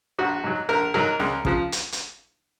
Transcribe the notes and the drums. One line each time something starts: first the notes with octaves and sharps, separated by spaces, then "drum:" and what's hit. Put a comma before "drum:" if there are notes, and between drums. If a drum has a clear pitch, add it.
A#1 F#4
G#2 F#3
A#1 A#4
G#2 F#3 A#4
C#2, drum: snare
C#3 F3, drum: kick
drum: hi-hat
drum: hi-hat